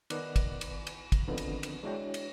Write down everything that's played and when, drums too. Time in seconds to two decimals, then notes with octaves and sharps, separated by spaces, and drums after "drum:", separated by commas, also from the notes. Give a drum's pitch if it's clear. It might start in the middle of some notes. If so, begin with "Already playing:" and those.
0.10 D#3 B3 D5 F#5 D6 F#6, drum: cymbal
0.36 drum: kick, cymbal
0.61 drum: cymbal
0.87 drum: cymbal
1.12 drum: kick, cymbal
1.28 D3 D#3 F3 B3 C4
1.38 drum: cymbal
1.63 drum: cymbal
1.83 G#3 D4 E4 F#4 C#5 G5
2.14 drum: cymbal